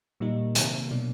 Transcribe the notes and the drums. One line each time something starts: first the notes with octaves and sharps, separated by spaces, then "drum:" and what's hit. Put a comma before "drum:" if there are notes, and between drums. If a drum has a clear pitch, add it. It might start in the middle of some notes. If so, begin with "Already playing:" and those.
A#2 G3 A#3 D#4
C3 D#3 F#3 A#3, drum: hi-hat
B2 F#3 A#3 D4